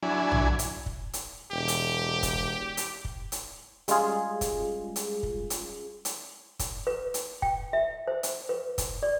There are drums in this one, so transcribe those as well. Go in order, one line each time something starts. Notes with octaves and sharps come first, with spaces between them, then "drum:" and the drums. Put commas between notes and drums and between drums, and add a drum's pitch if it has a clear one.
F#3 D4 E4 G#5
drum: tom A#1
drum: hi-hat
drum: kick
drum: hi-hat
E1 G4
drum: hi-hat
drum: kick, hi-hat
drum: hi-hat
drum: kick
drum: hi-hat
G3 G#3 C#4 F4 G#4, drum: hi-hat
drum: kick, hi-hat
drum: hi-hat
drum: kick
drum: hi-hat
drum: hi-hat
drum: kick, hi-hat
B4
drum: hi-hat
G5, drum: kick
E5
C5
drum: hi-hat
B4
drum: kick, hi-hat
D5